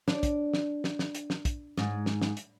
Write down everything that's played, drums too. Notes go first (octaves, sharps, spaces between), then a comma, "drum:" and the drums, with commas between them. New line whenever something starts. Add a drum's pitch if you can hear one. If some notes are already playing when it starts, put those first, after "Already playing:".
D4, drum: snare
drum: kick, hi-hat
drum: snare
drum: snare
drum: snare
drum: hi-hat
drum: snare
drum: kick, hi-hat
G#2, drum: snare
drum: snare
drum: snare
drum: hi-hat